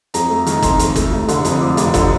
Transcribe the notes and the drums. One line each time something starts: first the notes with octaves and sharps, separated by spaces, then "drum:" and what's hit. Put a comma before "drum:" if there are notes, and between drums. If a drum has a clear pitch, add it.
F2 A#5, drum: hi-hat
A3
D#3, drum: hi-hat
A#5
F2 C6, drum: kick, hi-hat
F2, drum: hi-hat
A3, drum: kick, hi-hat
F1
D3, drum: hi-hat
F2, drum: hi-hat
F3 D6
F1, drum: hi-hat
D3, drum: kick, hi-hat